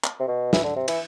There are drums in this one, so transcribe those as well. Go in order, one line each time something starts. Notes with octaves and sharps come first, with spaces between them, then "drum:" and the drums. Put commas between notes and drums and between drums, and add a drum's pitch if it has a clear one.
drum: clap
C3
B2
E3, drum: snare
D3
C3
E3, drum: cymbal